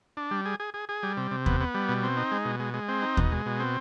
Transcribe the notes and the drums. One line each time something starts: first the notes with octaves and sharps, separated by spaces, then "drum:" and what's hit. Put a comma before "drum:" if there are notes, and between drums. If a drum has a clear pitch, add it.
D4
G3
G#4
G#4
G#4
G#4
G3
C3
C3
B3, drum: kick D#2
B3
G3
B2
C4
D#4
G#3
B2
G#3
G#3
C4
D#4
B2, drum: kick D#2
G#3
B2
C4